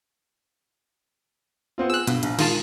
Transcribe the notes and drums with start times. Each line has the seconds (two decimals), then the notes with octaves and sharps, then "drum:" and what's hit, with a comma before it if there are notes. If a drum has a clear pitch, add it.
1.78 B3 C4 F4
1.90 G#4 E6 F#6
2.07 G2 B2, drum: hi-hat
2.23 A#1, drum: hi-hat
2.39 D#3 G#3 F4 A5, drum: cymbal